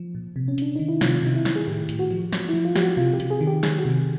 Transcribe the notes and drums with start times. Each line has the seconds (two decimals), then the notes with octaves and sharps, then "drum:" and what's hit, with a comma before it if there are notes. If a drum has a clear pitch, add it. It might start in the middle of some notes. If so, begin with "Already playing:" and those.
Already playing: F3
0.15 A#2
0.36 C3
0.48 C#4
0.58 C3 D4, drum: hi-hat
0.75 D#3 D#4
0.88 E4
1.01 C3 F4, drum: snare
1.23 C3 D#4
1.35 E4
1.45 D#3, drum: snare
1.56 G#4
1.68 A2 G4
1.89 A2, drum: hi-hat
1.99 F#4
2.11 F3
2.33 F3, drum: snare
2.49 F3 E4
2.65 F4
2.75 F3 G4, drum: snare
2.82 F#4
2.97 C3 F4
3.13 G4
3.20 C3, drum: hi-hat
3.30 G#4
3.41 D#3
3.47 G4
3.63 D#3 G#4, drum: snare
3.79 F#4
3.85 C3